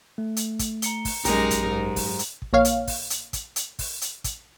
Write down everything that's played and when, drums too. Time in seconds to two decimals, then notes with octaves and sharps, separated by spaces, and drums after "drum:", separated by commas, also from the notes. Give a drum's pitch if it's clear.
0.18 A3
0.36 drum: hi-hat
0.59 drum: kick, hi-hat
0.82 A#5 C#7 G7, drum: hi-hat
1.05 drum: kick, open hi-hat
1.25 A#1 F#2 G#3 D#4 G4 A#4 A#5 D#7, drum: hi-hat
1.51 drum: kick, hi-hat
1.68 G#2
1.96 drum: kick, open hi-hat
2.19 drum: hi-hat
2.42 drum: kick
2.53 A#1 A#3 C#5 F5
2.65 drum: hi-hat
2.87 drum: kick, open hi-hat
3.10 drum: hi-hat
3.33 drum: kick, hi-hat
3.56 drum: hi-hat
3.79 drum: kick, open hi-hat
4.01 drum: hi-hat
4.24 drum: kick, hi-hat